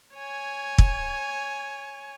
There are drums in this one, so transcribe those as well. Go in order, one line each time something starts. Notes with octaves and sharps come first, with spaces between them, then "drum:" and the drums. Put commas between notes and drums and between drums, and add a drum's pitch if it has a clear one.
C#5 G#5
drum: kick